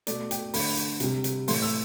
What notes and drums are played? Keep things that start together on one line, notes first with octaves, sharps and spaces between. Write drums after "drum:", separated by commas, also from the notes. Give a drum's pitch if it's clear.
B2 A3 D5, drum: hi-hat
G5, drum: hi-hat
D3 A3 B5, drum: open hi-hat
drum: hi-hat
C3 G3, drum: hi-hat
drum: hi-hat
A2 E3 A3 C6, drum: open hi-hat
E6